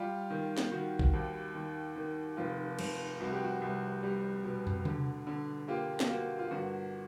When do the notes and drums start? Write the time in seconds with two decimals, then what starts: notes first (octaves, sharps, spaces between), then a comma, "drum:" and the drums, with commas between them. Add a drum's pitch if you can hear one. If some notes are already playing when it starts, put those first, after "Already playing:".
Already playing: G3 F4 G4
0.30 D#3
0.58 drum: snare
0.72 D#3 F#4
0.99 drum: kick A#1
1.13 D#2
1.54 D#3
1.96 D#3
2.37 F1 F4
2.79 F1, drum: cymbal
3.20 C2 F#4
3.32 G4
3.44 F#4
3.62 C2
4.03 G3
4.44 B2
4.67 drum: tom
4.85 D3, drum: tom C3
5.27 D3
5.68 A#3 F4 G4
6.00 drum: snare
6.09 A#3 F#4
6.39 F4
6.51 G1 F#4